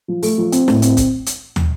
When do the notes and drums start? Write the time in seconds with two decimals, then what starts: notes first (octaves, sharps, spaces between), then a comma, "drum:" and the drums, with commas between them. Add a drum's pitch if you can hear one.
0.08 F3
0.23 A3, drum: open hi-hat
0.38 F3
0.52 C4, drum: hi-hat
0.68 A2, drum: snare
0.82 C4, drum: hi-hat
0.97 drum: kick, hi-hat
1.26 drum: hi-hat
1.56 drum: tom